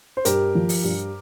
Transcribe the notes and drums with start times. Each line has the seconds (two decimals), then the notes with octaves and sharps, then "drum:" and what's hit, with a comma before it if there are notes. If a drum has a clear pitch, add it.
0.17 C5
0.25 G2 G4 A#4, drum: hi-hat
0.55 F3
0.69 drum: open hi-hat
0.84 G2